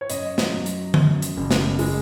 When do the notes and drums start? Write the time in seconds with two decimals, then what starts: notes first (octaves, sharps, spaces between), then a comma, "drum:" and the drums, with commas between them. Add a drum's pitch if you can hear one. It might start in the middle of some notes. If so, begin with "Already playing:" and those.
0.01 C#5
0.10 F#2 D#5, drum: hi-hat
0.38 drum: snare
0.52 F#3
0.66 drum: hi-hat
0.94 F#2, drum: tom D3
1.22 drum: hi-hat
1.37 F#1
1.51 drum: snare
1.79 G#3, drum: open hi-hat